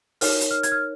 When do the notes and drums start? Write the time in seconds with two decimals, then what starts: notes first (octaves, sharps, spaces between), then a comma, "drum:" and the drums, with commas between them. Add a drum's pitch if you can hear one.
0.21 D#4 A#4 C#5 F6, drum: open hi-hat
0.41 drum: hi-hat
0.51 F6
0.63 G#6, drum: hi-hat
0.72 F6